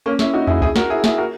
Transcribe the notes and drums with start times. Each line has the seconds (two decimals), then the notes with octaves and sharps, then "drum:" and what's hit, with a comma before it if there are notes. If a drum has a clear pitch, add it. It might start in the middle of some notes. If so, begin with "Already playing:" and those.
0.06 A#3 C#4
0.19 C#4 E4, drum: snare
0.34 D#4 F#4
0.47 E4 G#4, drum: tom E2
0.62 E4 G#4, drum: kick C#2
0.76 F#4 A#4, drum: snare
0.90 E4 G#4
1.04 E4 G#4, drum: snare
1.18 F#4 A#4